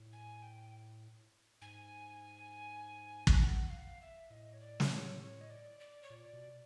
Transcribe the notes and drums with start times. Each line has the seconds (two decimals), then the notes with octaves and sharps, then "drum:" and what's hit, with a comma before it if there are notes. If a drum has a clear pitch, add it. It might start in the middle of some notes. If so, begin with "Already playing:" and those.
Already playing: A2
0.13 G#5
0.43 G5
1.61 G#2 G#5
3.27 drum: kick
3.41 F#5
3.70 F5
4.01 E5
4.30 A2 D#5
4.53 C#5
4.60 D5
4.80 drum: snare
4.90 C#5
5.21 C#5
5.41 D#5
5.50 D5
5.80 D5
6.03 C#5
6.10 A#2 D5
6.33 B2